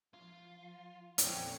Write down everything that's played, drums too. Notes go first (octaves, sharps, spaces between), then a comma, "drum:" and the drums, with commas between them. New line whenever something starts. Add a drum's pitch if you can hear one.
F3 F4
F2 A#2 D3 C4 C#4 C#5, drum: hi-hat